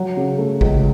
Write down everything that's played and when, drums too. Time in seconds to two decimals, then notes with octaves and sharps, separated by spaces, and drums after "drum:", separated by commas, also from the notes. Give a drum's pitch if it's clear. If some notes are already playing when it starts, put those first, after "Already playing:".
Already playing: F#3
0.17 C#3
0.38 A3
0.61 C#2, drum: kick